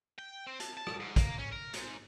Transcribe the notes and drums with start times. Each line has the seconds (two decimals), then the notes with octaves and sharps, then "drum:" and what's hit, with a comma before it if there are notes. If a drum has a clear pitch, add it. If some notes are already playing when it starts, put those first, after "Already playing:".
0.19 G5
0.47 C4
0.60 A5, drum: hi-hat
0.77 A5
0.87 drum: rim click
1.00 G#2
1.16 A#3, drum: kick A#1, hi-hat
1.39 C#4
1.53 A#4
1.74 G#2, drum: hi-hat